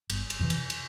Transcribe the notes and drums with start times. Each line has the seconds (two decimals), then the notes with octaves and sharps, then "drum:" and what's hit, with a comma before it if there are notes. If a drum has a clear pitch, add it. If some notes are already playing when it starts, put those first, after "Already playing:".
0.10 G1, drum: cymbal
0.30 drum: cymbal
0.39 F2 C3 E3
0.50 drum: cymbal
0.70 drum: cymbal